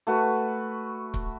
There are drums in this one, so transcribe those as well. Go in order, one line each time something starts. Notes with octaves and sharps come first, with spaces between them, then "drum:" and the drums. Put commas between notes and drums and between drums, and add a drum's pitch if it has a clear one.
A3 F#4 B4
drum: kick C#1